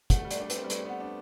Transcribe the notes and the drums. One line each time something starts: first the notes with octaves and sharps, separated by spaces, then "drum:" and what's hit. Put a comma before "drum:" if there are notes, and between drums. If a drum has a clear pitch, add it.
A3 F#5, drum: kick, hi-hat
G3
D5, drum: hi-hat
D4
B4, drum: hi-hat
C4
G3
A3 B4, drum: hi-hat
B3 F#5
D4